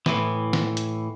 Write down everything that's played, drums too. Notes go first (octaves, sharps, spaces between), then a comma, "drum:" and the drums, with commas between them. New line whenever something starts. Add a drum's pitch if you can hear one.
A2 E3, drum: snare
drum: snare
drum: hi-hat